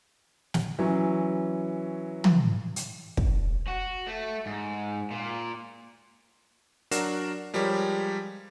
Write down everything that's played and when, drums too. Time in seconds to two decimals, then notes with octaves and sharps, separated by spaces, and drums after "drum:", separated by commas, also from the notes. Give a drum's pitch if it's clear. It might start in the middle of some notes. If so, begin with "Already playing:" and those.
0.54 drum: snare
0.79 E3 F#3 C#4
2.24 drum: tom
2.76 drum: hi-hat
3.17 drum: kick
3.68 F#4
4.07 A3
4.46 G#2
5.11 A#2
6.91 F#3 D4 F#4 A#4 C7 E7, drum: hi-hat
7.54 F3 G3 G#3 G4 A#4 C#5